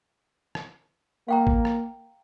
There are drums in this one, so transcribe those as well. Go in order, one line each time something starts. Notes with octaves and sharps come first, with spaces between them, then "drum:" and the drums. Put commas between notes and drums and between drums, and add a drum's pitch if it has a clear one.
drum: rim click
A#3 F5 G5 A#5
drum: kick G#1
drum: rim click